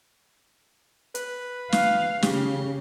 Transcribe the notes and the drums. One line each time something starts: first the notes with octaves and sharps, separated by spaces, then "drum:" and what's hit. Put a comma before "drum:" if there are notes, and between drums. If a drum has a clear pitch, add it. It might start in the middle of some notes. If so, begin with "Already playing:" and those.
B4, drum: hi-hat
F5, drum: snare
C#3 G4, drum: snare